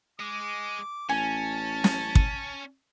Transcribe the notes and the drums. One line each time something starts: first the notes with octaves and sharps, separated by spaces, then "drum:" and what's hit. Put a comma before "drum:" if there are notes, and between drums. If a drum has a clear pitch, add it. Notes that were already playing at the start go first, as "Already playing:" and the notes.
G#3 D6
A1 C#4 G#5 A5
drum: snare
drum: kick